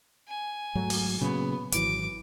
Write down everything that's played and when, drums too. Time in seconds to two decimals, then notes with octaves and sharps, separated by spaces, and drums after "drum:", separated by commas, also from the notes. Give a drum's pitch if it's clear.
0.28 G#5
0.75 G#2 F#3 A3
0.90 drum: open hi-hat
1.21 A#2 C#3 F#3 B3
1.72 G#1 E3 F#3 D6, drum: hi-hat